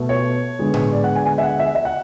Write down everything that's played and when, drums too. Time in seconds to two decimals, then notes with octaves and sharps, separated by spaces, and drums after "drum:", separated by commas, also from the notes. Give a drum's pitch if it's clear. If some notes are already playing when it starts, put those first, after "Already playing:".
Already playing: B2 A3
0.09 C#5
0.59 D3 G#3 B3
0.74 drum: tom A2
0.92 D5
1.04 F#5
1.15 G#5
1.26 G#5
1.38 E5
1.43 F#5
1.59 E5
1.75 E5
1.85 F#5